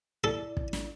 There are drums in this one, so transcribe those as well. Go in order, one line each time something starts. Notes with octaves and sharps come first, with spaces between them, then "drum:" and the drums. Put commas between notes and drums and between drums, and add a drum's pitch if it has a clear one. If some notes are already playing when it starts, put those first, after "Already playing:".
E4 A4 D5
drum: kick
drum: snare